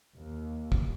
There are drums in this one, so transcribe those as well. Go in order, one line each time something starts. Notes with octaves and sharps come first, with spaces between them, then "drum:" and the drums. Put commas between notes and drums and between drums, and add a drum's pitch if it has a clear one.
D#2
drum: kick